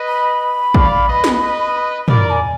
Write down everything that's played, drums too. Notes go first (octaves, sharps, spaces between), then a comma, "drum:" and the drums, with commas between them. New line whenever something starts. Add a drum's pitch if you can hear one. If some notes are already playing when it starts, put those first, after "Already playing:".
Already playing: B4 D#5
B5
D5 F5, drum: kick A1
B4 D#5
drum: snare
B4 D#5
A#4 D5 B5, drum: tom
A#5
G#5